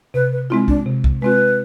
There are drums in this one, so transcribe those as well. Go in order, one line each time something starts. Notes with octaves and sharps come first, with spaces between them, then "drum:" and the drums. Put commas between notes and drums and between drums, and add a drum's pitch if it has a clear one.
C3 B4
B4
G#3 C4 E4 F4
D4, drum: kick B1
C3
drum: kick B1
G#3 C4 F4 B4